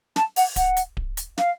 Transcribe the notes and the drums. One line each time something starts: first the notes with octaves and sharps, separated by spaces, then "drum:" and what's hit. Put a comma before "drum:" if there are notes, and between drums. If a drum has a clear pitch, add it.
A5, drum: snare
F#5, drum: open hi-hat
F#5, drum: kick D1, hi-hat
drum: hi-hat
drum: kick D1
drum: hi-hat
F5, drum: snare